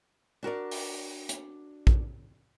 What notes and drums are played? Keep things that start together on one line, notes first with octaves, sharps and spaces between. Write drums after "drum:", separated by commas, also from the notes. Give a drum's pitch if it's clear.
D4 F#4 A#4 D5
drum: open hi-hat
drum: hi-hat
drum: kick A#1